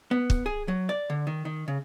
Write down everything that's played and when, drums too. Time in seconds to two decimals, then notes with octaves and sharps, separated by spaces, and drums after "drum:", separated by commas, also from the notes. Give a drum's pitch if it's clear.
0.11 B3
0.30 drum: kick
0.46 G#4
0.68 F#3
0.89 D5
1.10 D3
1.27 D#3
1.45 D#3
1.68 C#3